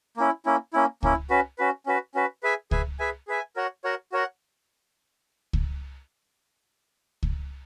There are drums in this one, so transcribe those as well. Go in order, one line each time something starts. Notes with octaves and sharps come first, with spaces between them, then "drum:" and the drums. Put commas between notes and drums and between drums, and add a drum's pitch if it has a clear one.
A#3 C#4 E4
A#3 C#4 E4
A#3 C#4 E4
A#3 C#4 E4, drum: kick C#2
C#4 F#4 B4
C#4 F#4 B4
C#4 F#4 B4
C#4 F#4 B4
G#4 B4 E5 G#5
G#4 B4 E5 G#5, drum: kick C#2
G#4 B4 E5 G#5
G#4 B4 E5 G#5
F#4 A#4 C#5 F#5
F#4 A#4 C#5 F#5
F#4 A#4 C#5 F#5
drum: kick C#2
drum: kick C#2